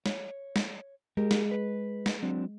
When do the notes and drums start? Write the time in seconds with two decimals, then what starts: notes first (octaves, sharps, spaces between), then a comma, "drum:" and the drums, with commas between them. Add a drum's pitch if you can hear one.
0.06 C#5, drum: snare
0.56 drum: snare
1.17 G#3 G4 A#4
1.31 drum: snare
1.51 B4
2.06 drum: snare
2.22 F#3 C4 D4